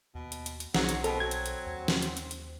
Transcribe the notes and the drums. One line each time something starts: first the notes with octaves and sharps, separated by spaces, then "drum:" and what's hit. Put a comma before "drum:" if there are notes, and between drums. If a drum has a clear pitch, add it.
D#2 B2
drum: hi-hat
drum: hi-hat
drum: hi-hat
B1 G#2 F#3, drum: snare
drum: hi-hat
B2 C4 A4, drum: hi-hat
F#3 G#6
drum: hi-hat
drum: hi-hat
D#2
drum: snare
drum: hi-hat
drum: hi-hat
drum: hi-hat